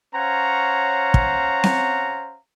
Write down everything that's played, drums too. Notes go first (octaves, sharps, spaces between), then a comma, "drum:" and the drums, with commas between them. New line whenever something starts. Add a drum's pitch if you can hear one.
C#4 C5 C#5 F5 F#5 A#5
drum: kick
drum: snare C4